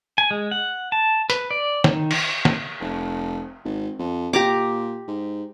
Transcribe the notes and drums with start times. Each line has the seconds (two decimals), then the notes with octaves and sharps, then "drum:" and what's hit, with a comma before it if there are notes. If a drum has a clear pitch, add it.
0.18 G#5
0.31 G#3
0.51 F#5
0.92 A5
1.30 B4, drum: hi-hat
1.51 D5
1.84 D#3, drum: snare
2.11 drum: cymbal
2.45 drum: snare
2.80 F1
3.65 G#1
3.99 F2
4.33 A#2 G4 A#5 D6
5.08 G#2